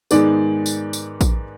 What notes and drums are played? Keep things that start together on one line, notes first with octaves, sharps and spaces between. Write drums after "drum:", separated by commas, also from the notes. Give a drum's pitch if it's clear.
G#2 D#3 G#3 B3 D5, drum: tambourine
drum: tambourine
drum: tambourine
drum: kick A#1, tambourine